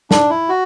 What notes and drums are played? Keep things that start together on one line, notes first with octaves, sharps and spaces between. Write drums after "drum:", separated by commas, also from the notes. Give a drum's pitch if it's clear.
D4, drum: snare
E4
F#4